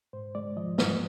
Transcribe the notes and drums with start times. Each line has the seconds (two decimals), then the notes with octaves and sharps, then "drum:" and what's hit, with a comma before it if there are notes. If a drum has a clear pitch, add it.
0.13 G#2 C5
0.35 G#3 D5
0.57 F3 D#5
0.78 G#2 D#5, drum: snare